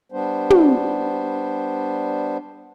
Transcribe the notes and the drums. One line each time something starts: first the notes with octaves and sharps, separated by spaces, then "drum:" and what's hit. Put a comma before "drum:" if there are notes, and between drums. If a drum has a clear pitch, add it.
G3 B3 D4 C5
drum: tom